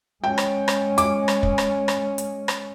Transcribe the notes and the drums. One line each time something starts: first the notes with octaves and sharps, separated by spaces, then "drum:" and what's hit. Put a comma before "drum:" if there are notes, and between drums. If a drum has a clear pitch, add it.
G#3 C#4 G5
drum: rim click
drum: rim click
D6, drum: hi-hat
drum: rim click
drum: kick
drum: rim click
drum: rim click
drum: hi-hat
drum: rim click